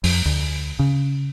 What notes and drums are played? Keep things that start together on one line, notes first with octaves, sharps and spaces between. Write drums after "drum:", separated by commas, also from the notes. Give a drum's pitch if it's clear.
F2, drum: open hi-hat
D2
C#3